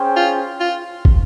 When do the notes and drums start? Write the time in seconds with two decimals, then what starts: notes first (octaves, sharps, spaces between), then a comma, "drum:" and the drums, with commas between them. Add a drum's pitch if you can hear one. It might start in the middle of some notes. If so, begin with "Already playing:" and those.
Already playing: C#4 G#4 C5 G5
0.16 F4
0.60 F4
1.05 drum: kick